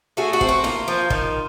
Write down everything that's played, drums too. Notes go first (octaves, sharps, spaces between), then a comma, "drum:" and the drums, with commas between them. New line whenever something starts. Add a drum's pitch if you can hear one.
A3 F#4 G#4
F#4
C4, drum: kick
F#4
A#3 F4, drum: snare E4
F3
D#3, drum: kick